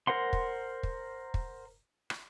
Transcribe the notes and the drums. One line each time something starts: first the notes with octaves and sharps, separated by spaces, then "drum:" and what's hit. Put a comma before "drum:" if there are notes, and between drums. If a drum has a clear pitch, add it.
A#4 C5 F#5 C6
drum: kick
drum: kick
drum: kick
drum: rim click